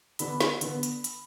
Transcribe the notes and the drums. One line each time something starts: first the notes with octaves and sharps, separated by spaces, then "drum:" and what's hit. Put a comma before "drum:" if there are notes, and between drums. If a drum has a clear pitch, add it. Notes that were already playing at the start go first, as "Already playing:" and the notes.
D3 B3 D4 B5, drum: hi-hat
drum: snare
D3 B3, drum: hi-hat
drum: hi-hat
drum: hi-hat